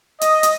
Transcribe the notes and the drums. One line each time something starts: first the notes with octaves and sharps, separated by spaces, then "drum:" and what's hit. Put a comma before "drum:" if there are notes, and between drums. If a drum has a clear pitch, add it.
D#5, drum: hi-hat
drum: hi-hat